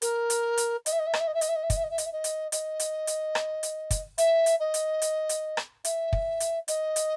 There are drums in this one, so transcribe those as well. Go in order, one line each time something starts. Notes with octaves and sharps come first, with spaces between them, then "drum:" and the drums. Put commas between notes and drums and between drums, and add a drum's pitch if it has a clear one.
A#4, drum: hi-hat
drum: hi-hat
drum: hi-hat
D#5, drum: hi-hat
E5
D#5
E5
D#5, drum: rim click
E5
D#5
E5
D#5, drum: hi-hat
E5
D#5
E5
D#5, drum: kick, hi-hat
E5
D#5
E5
D#5, drum: hi-hat
E5
D#5
drum: hi-hat
D#5, drum: hi-hat
drum: hi-hat
drum: hi-hat
drum: rim click
drum: hi-hat
drum: kick, hi-hat
E5, drum: hi-hat
drum: hi-hat
D#5
drum: hi-hat
drum: hi-hat
drum: hi-hat
drum: rim click
E5, drum: hi-hat
drum: kick
drum: hi-hat
D#5, drum: hi-hat
drum: hi-hat